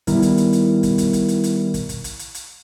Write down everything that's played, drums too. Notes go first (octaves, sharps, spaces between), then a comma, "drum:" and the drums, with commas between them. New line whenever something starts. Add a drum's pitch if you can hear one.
D#3 G3 B3 E4 A#4, drum: kick, hi-hat
drum: hi-hat
drum: hi-hat
drum: hi-hat
drum: kick, hi-hat
drum: kick, hi-hat
drum: hi-hat
drum: hi-hat
drum: hi-hat
drum: kick, hi-hat
drum: kick, hi-hat
drum: hi-hat
drum: hi-hat
drum: hi-hat